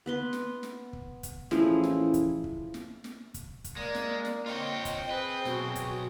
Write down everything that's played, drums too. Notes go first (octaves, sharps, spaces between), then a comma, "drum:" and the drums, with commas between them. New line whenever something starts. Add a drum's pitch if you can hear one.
B3 B4 C6
drum: snare
drum: snare
drum: kick
drum: kick, hi-hat
A1 F3 E4 G#4, drum: snare
drum: snare
drum: kick, hi-hat
drum: kick
drum: snare
drum: snare
drum: kick, hi-hat
drum: kick, hi-hat
G#3 A#3 D5
drum: snare
drum: snare
C4 F4 C#5 D#5 G5
drum: kick, hi-hat
G#4 B4 C5
B1 F#4, drum: snare
drum: kick, hi-hat